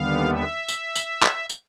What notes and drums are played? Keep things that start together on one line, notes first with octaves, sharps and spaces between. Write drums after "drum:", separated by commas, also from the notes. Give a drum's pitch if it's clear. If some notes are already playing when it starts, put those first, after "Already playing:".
Already playing: D#2 D3 G3 B3 F5
E5
drum: tambourine
drum: tambourine
drum: clap
drum: tambourine